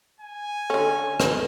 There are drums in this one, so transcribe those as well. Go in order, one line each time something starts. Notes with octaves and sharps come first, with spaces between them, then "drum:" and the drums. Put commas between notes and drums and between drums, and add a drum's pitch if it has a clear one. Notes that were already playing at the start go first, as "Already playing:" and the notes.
G#5
D3 C#4 A4
drum: rim click